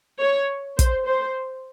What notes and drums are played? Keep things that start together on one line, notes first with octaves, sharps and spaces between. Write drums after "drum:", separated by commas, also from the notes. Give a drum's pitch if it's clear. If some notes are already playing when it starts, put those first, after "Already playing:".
C#5
C5, drum: kick, hi-hat
C5